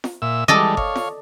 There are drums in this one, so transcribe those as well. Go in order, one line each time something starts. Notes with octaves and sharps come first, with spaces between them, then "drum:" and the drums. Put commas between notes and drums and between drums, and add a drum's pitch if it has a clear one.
drum: snare F4
A#2 E5 E6
E3 G3 G#3 A4 D5 D#5
C#5 F5, drum: kick G1
drum: snare F4